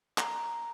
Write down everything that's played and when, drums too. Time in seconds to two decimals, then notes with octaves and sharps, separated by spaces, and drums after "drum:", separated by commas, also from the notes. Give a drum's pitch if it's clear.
0.18 A#5, drum: clap